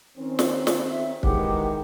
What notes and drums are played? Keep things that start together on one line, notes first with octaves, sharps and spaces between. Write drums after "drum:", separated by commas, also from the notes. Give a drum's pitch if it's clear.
D#3 C4 C#4
drum: snare
drum: snare
E5
D#3 E3 G#3 G4 F#5 D6, drum: kick